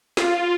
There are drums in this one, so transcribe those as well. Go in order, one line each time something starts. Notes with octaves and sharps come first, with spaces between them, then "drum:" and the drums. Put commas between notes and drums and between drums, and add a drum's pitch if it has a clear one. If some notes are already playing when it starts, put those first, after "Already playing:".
F4, drum: snare